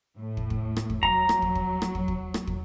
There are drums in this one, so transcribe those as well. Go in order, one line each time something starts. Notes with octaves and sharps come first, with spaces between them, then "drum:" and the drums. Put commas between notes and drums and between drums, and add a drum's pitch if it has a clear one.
A2
drum: kick
drum: kick
drum: rim click
drum: kick
F#3 A#5, drum: kick
drum: rim click
drum: kick
drum: kick
drum: rim click
drum: kick
drum: kick
drum: rim click
drum: kick